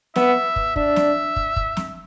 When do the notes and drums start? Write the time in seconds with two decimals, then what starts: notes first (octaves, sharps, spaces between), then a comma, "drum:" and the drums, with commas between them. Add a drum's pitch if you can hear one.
0.16 B3 E5, drum: snare
0.56 drum: kick
0.76 D4 E5, drum: kick
0.96 drum: snare
1.36 drum: kick
1.56 drum: kick
1.77 drum: snare